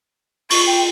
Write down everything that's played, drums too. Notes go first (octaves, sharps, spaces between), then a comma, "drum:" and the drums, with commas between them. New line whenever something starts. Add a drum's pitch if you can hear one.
F4 C#6, drum: open hi-hat
G5